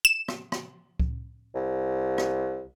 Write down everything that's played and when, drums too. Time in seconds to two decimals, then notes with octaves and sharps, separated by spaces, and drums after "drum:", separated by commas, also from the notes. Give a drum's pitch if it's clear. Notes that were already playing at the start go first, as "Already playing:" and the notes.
0.05 E7
0.28 drum: rim click
0.52 drum: rim click
1.00 drum: kick C#2
1.55 C2
2.18 drum: rim click